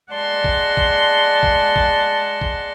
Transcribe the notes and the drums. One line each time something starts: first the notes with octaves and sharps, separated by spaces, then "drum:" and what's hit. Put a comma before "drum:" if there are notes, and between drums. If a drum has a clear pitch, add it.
G#3 D5 F#5 A5 C6
drum: kick A#1
drum: kick A#1
drum: kick A#1
drum: kick A#1
drum: kick A#1